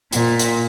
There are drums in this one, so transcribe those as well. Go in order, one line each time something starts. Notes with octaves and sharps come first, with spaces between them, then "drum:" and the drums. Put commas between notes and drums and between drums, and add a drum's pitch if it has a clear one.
A#2, drum: hi-hat
drum: hi-hat